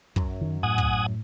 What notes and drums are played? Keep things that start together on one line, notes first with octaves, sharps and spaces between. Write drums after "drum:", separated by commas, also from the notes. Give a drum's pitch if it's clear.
F#2 F#3, drum: kick
D#3
A2 F#5 G#5 D#6
drum: kick